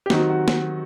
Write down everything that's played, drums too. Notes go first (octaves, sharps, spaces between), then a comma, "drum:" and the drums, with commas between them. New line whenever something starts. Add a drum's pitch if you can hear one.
G4
D#3 F#3 C4 D#4 F#4, drum: snare
F#4
drum: snare